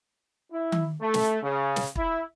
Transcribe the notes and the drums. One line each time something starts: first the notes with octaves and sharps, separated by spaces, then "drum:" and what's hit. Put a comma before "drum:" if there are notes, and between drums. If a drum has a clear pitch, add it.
E4
drum: tom D#3
A3
drum: snare
C#3
drum: snare
E4, drum: kick